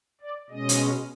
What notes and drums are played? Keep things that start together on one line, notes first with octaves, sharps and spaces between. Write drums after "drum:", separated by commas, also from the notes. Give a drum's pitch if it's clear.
D5
B2 G#3 C#4 D#5
drum: hi-hat